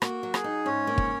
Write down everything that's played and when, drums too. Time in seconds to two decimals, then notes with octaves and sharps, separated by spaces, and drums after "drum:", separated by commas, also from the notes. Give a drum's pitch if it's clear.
0.02 A#3 F#4, drum: rim click
0.23 F#3
0.34 G#4, drum: rim click
0.44 D#4
0.66 G#2 C#4 C#5
0.87 A#3
0.98 drum: kick